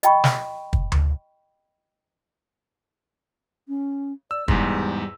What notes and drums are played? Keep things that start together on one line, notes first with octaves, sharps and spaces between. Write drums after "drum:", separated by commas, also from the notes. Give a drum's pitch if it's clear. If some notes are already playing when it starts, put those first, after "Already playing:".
D#5 G5 B5 C#6, drum: hi-hat
drum: snare
drum: kick
drum: tom D2
C#4
D5 E6
E2 G#2 G3, drum: kick